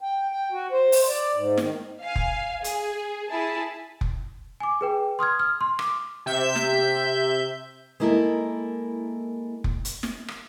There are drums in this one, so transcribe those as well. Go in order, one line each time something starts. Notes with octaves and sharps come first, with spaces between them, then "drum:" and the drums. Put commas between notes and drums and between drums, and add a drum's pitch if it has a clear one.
G5
G5
F#4
C5
drum: open hi-hat
D5
G#2
D#3, drum: snare
F5 G#5
drum: kick F1
G#4, drum: hi-hat
E4 G#4 A5
drum: kick F1
G#5 D6
G#4 B4 G5
C6 D#6 F6 G#6
F6
C6
D6, drum: rim click
C3 E5 G6
drum: snare
G#3 A#3 E4 A4 A#4
drum: kick F1
drum: hi-hat
drum: snare
drum: rim click